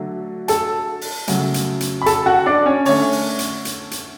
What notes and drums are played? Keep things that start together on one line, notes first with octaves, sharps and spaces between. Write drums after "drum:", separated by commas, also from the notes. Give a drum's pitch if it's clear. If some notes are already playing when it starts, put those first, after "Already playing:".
Already playing: D3 F#3 A3
A4 A5, drum: hi-hat
drum: open hi-hat
C#3 F#3 A3, drum: hi-hat
drum: hi-hat
drum: hi-hat
B5
A4 A5, drum: hi-hat
F#4 F#5
D4 D5
C#4 C#5
D3 A3 C#4 C#5, drum: open hi-hat
drum: open hi-hat
drum: hi-hat
drum: hi-hat
drum: hi-hat